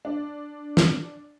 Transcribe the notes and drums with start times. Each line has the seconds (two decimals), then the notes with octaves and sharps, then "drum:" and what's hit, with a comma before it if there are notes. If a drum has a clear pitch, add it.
0.05 D4
0.77 drum: snare